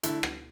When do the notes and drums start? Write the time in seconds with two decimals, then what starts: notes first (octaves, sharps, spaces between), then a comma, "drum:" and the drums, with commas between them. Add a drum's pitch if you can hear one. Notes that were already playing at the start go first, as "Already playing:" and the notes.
0.03 D3 A3 E4, drum: hi-hat
0.23 drum: rim click